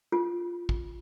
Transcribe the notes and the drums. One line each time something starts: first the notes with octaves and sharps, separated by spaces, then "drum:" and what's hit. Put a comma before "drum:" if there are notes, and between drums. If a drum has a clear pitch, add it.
F4
drum: kick